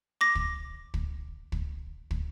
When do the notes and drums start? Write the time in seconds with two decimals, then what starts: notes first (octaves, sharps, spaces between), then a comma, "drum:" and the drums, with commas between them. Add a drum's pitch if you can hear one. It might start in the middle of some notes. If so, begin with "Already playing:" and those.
0.21 D6 A#6
0.35 drum: kick
0.94 drum: kick
1.52 drum: kick
2.11 drum: kick